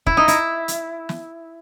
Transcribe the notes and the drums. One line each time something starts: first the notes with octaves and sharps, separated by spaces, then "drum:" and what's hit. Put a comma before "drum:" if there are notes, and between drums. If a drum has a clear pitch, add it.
E4, drum: kick
D#4
E4, drum: hi-hat
drum: hi-hat
drum: snare